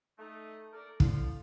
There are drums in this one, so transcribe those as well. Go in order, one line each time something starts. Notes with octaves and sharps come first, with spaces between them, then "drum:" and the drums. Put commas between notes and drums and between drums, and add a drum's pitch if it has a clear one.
A3 D#4
A4 A#4 D5
D3 F3 E4 F5, drum: kick